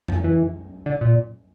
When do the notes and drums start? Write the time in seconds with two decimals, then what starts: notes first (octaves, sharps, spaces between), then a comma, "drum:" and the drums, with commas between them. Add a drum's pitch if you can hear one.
0.08 F3, drum: tom F2
0.24 E3
0.86 D3
1.01 A#2